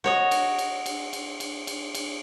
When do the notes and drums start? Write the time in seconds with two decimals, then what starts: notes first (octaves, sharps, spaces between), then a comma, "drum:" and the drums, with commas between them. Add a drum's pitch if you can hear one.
0.04 F#4 C#5 D#5
0.31 drum: cymbal
0.59 drum: cymbal
0.86 drum: cymbal
1.13 drum: cymbal
1.40 drum: cymbal
1.67 drum: cymbal
1.95 drum: cymbal